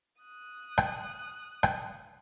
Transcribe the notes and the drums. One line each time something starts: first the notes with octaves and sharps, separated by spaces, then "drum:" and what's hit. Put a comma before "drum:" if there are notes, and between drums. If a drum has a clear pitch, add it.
D#6 F#6
drum: rim click
drum: rim click